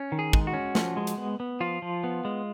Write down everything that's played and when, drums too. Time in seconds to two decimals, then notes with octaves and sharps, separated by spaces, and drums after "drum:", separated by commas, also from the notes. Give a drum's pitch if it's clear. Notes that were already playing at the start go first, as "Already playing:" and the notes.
Already playing: C#4
0.12 D#3
0.19 G#4
0.33 G#3, drum: kick
0.47 F#4
0.54 C#4
0.75 F3, drum: snare
0.97 G#3
1.07 drum: hi-hat
1.18 B3
1.40 B3
1.60 F3 F4
1.82 F3
2.04 B3
2.25 G#3